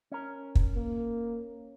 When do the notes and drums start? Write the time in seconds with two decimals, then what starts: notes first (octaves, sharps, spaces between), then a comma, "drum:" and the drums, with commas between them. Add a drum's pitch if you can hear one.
0.12 C#4 A#4
0.55 drum: kick
0.77 A#3